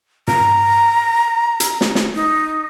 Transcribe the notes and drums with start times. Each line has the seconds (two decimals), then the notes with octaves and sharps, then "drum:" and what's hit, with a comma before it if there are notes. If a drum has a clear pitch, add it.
0.28 A#5, drum: tom
1.60 drum: hi-hat
1.81 drum: snare
1.95 drum: snare
2.15 D#4